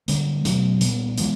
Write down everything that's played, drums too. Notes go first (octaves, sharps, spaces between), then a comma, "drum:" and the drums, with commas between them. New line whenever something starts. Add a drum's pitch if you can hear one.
D3 G3 A#3, drum: hi-hat
B2 F#3 A3 D4, drum: hi-hat
A#2 G3 B3, drum: hi-hat
E3 G#3 B3, drum: hi-hat